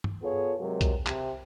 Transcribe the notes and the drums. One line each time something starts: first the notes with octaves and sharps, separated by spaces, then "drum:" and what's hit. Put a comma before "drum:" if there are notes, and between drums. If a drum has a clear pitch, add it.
drum: tom G2
B3 F4 G#4 A4 C#5
C3 F#3 G#3 F#4 A#4
drum: kick B1, hi-hat
C3, drum: clap